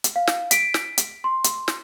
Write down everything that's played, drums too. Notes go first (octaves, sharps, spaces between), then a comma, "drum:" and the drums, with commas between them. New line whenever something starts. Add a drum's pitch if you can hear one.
drum: hi-hat
F5
drum: snare
B6 D7, drum: hi-hat
drum: snare
drum: hi-hat
C6
drum: hi-hat
drum: snare